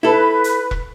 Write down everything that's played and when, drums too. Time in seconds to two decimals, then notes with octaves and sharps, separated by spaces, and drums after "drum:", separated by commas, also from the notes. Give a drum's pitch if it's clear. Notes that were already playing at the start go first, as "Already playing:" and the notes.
0.03 E4 A4 B4
0.44 drum: hi-hat
0.71 drum: kick E1